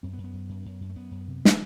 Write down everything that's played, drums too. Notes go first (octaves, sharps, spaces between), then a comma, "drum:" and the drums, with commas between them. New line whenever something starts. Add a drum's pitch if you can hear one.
F#2 C4
B3
F#2
B3
F#2
F#2
F#2
F#2
A3
F#2 B3
F#2
C3
drum: snare